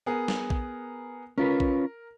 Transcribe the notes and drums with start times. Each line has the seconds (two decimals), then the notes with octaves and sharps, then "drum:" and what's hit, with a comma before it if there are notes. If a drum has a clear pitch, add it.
0.06 B3 G#4 A#4
0.28 drum: snare
0.50 drum: kick A#1
1.38 C#4 F4 A#4 B4
1.60 drum: kick A#1